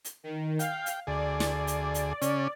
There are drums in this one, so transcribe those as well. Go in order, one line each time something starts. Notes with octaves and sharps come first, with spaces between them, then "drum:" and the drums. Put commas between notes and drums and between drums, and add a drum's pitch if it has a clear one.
drum: hi-hat
D#3
F5 G5, drum: hi-hat
drum: hi-hat
D2 G#4 D5
drum: snare
drum: hi-hat
drum: hi-hat
C#3 C#4, drum: hi-hat